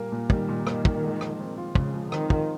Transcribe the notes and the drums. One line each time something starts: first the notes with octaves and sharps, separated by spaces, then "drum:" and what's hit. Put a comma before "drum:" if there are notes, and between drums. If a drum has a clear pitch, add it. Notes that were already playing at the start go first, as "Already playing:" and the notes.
Already playing: A#2 G3 A#3
A#2
D#3 G3, drum: kick
A#2
D#3 A#3, drum: rim click
A#2, drum: kick
G#3
F3, drum: rim click
C4
F4
C#3 G#3, drum: kick
F3
D#3 C4, drum: rim click
F4, drum: kick